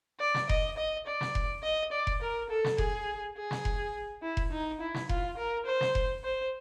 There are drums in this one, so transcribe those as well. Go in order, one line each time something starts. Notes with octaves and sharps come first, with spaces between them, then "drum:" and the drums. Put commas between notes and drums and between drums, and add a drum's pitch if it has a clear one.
D5
drum: snare
D#5, drum: kick F1
D#5
D5
drum: snare
drum: kick F1
D#5
D5
drum: kick F1
A#4
A4
drum: snare
G#4, drum: kick F1
G#4
drum: snare
drum: kick F1
E4
drum: kick F1
D#4
E4
drum: snare
F4, drum: kick F1
A#4
C5
drum: snare
drum: kick F1
C5